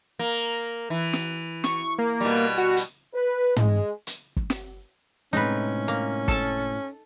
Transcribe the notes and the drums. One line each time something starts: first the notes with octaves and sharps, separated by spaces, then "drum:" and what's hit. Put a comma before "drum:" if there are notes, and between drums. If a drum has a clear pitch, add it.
A#3
E3
drum: snare
C#6, drum: snare
A#3
B2 G3
F#4
drum: hi-hat
B4
G#3, drum: tom
drum: hi-hat
drum: kick
drum: snare
A2 C3 G#3 C#4 D#4 B4
A#3
A4 A5, drum: kick